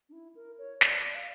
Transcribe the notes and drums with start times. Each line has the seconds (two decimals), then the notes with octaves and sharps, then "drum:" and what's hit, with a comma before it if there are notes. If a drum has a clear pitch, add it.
0.09 D4
0.12 E4
0.35 A#4
0.59 C#5
0.81 D5, drum: snare
1.03 D5
1.15 F5